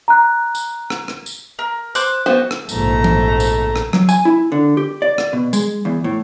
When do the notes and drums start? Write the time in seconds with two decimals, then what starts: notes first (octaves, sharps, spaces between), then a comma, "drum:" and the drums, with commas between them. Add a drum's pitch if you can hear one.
0.08 A#5 F#6
0.55 drum: tambourine
0.90 drum: rim click
1.08 drum: rim click
1.26 drum: tambourine
1.59 A#4
1.95 C5 D6 F#6, drum: tambourine
2.26 B3 F#4 C5
2.51 drum: rim click
2.69 A#1 G#2 C3 A3 A#5, drum: tambourine
3.04 drum: tom
3.40 drum: tambourine
3.76 drum: rim click
3.93 F#3, drum: rim click
4.09 G#5, drum: tambourine
4.25 E4
4.52 D3
4.77 G4
5.02 D5
5.18 drum: rim click
5.33 B2
5.53 G#3, drum: tambourine
5.85 E2
6.04 A2